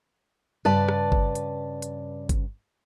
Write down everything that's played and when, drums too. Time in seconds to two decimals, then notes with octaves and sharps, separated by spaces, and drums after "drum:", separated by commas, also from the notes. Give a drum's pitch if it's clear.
0.65 G2 C#3 B4 D5 A5
0.88 drum: rim click
1.12 drum: kick G1
1.35 drum: hi-hat
1.82 drum: hi-hat
2.29 drum: kick G1, hi-hat